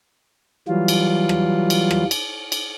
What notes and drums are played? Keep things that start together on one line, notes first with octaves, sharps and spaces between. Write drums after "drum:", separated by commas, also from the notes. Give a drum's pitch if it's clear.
E3 F#3 G3 F4
drum: cymbal
drum: rim click
drum: cymbal
drum: rim click
drum: cymbal
drum: cymbal